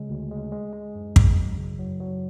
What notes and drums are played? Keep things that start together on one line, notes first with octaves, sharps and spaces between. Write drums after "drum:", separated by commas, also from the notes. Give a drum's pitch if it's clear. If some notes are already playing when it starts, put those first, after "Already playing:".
Already playing: C#3 G#3
D2
G#3
G#3
G#3
F#2
F#2, drum: kick
F#3
C#3
F#3
F#3